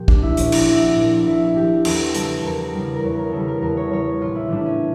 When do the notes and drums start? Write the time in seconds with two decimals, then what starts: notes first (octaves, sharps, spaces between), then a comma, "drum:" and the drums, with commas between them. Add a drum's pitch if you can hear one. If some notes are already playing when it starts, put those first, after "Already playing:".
Already playing: A#2 F3 G4
0.08 A#1 D4, drum: kick
0.23 E4
0.37 A#2 F3 C#4, drum: hi-hat
0.52 D4, drum: cymbal
0.67 A#1 E4
0.88 F4
0.96 A#2 F3
1.27 A#1 E4
1.56 A#2 F3 G4
1.85 E2 A4, drum: cymbal
2.15 C#3 G3 A4, drum: hi-hat
2.45 E2 A#4
2.74 C#3 G3
2.95 A#4
3.04 E2 C#5
3.19 A#4
3.32 C#3 G3 A4
3.48 A#4
3.61 E2 A#4
3.77 C#5
3.90 C#3 G3 C#5
4.21 A#1 F4
4.36 E4
4.48 A2 E3 G3 D4
4.66 C#4